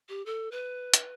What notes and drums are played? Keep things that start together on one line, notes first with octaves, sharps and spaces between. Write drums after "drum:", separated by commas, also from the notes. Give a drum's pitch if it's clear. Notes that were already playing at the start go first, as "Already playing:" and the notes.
G4
A4
B4
drum: hi-hat